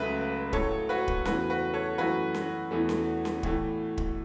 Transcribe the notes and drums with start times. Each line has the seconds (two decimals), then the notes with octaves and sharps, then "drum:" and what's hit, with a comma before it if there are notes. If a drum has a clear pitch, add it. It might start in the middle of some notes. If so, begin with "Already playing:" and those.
Already playing: C#2 C#3 F#3 A3 B4 E5
0.53 A2 F#3 A3 A4 C#5, drum: kick
0.89 F#4 B4
1.08 drum: kick
1.25 E2 C#3 E3 A3 F#4 B4, drum: snare C#4
1.50 F#4 B4
1.73 A4 C#5
1.98 F#2 E3 A3 F#4 B4
2.34 drum: snare C#4
2.71 E2 E3 A3
2.89 drum: snare C#4
3.25 drum: snare C#4
3.43 A2 E3 A3, drum: kick
3.98 drum: kick